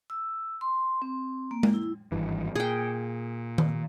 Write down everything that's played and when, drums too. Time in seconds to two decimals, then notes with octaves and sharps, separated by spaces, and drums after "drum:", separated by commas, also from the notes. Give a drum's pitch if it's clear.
0.10 E6
0.61 C6
1.02 C4
1.51 A#3
1.63 drum: tom G#3
1.74 E4
2.12 G#1 G2 E3
2.55 A#2 G#4 G5
3.58 drum: tom D#3